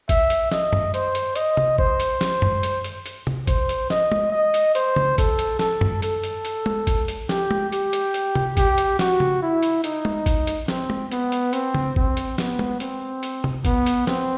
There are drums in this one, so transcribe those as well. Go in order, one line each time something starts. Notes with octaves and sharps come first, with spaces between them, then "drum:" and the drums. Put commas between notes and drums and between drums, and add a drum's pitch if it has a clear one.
E5, drum: kick, hi-hat
drum: hi-hat
D#5, drum: snare
drum: tom F#2
C5, drum: hi-hat
drum: hi-hat
D#5, drum: hi-hat
drum: tom C3
C5, drum: kick
drum: hi-hat
drum: snare
drum: tom F#2
drum: hi-hat
drum: hi-hat
drum: hi-hat
drum: tom C3
C5, drum: kick, hi-hat
drum: hi-hat
D#5, drum: snare
drum: tom
D#5
drum: hi-hat
C5, drum: hi-hat
drum: tom C#3
A4, drum: kick, hi-hat
drum: hi-hat
A4, drum: snare
drum: tom F#2
A4, drum: hi-hat
drum: hi-hat
drum: hi-hat
drum: tom
drum: kick, hi-hat
drum: hi-hat
G4, drum: snare
drum: tom
G4, drum: hi-hat
drum: hi-hat
drum: hi-hat
drum: tom C3
G4, drum: kick, hi-hat
drum: hi-hat
F#4, drum: snare
drum: tom C#3
E4
drum: hi-hat
D#4, drum: hi-hat
drum: tom
drum: kick, hi-hat
drum: hi-hat
C4, drum: snare
drum: tom
B3, drum: hi-hat
drum: hi-hat
C4, drum: hi-hat
drum: tom C#3
C4, drum: kick
drum: hi-hat
B3, drum: snare
drum: tom
C4, drum: hi-hat
drum: hi-hat
drum: tom C3
B3, drum: kick, hi-hat
drum: hi-hat
C4, drum: snare